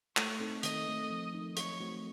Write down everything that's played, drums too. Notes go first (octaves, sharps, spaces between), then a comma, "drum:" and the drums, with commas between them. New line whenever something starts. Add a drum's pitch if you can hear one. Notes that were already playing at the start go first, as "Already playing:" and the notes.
A3 C#5, drum: clap
C4 D#4 A4
D#3 D#5, drum: hi-hat
A3 C4
F3
C4 D#4 A#4
F#3 C#5, drum: hi-hat
A3 C4 D#4 F#4